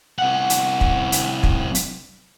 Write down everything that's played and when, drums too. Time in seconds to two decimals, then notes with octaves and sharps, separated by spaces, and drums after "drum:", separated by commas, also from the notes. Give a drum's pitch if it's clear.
0.18 C2 F#5
0.50 drum: hi-hat
0.81 drum: kick
1.12 drum: hi-hat
1.43 drum: kick
1.75 drum: hi-hat